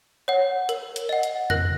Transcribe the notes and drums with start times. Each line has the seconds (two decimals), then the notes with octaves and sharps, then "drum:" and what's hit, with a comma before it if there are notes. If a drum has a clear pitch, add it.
0.28 C#5 F#5
0.69 A#4, drum: hi-hat
0.96 drum: hi-hat
1.09 D#5 F#5
1.23 drum: hi-hat
1.50 A#4 F#6 A#6, drum: tom F2